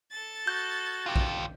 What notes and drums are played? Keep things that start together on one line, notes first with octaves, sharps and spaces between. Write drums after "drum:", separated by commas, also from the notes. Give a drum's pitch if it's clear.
A4 A6
F#4 G6
F4 G4
drum: kick A#1